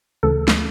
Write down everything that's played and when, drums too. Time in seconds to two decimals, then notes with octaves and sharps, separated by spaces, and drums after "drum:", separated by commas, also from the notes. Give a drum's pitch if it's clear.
0.23 D2 C#3 E3 A4
0.48 drum: snare